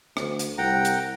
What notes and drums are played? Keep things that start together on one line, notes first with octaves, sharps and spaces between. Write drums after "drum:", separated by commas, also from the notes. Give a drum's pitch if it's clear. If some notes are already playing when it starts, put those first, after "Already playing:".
D2, drum: rim click
drum: hi-hat
C2 F#5 G5 A#5
drum: hi-hat